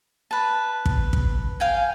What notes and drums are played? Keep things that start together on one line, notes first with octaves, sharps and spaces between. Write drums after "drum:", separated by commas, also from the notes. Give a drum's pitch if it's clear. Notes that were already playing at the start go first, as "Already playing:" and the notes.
B4 A5
drum: kick
drum: kick
F5 G5 G#5